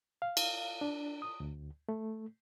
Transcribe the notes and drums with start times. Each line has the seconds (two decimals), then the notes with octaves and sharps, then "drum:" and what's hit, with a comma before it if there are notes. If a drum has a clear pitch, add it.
0.22 F5
0.37 drum: cymbal
0.81 D4
1.22 D#6
1.40 D2
1.89 A3